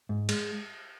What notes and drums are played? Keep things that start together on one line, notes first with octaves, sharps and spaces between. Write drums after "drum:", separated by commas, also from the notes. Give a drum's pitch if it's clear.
G#2
G#3, drum: cymbal